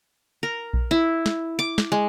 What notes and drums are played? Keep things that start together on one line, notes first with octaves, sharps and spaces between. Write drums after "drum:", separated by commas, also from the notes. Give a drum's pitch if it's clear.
A#4
drum: kick A#1
E4
drum: snare
D6
drum: snare
G#3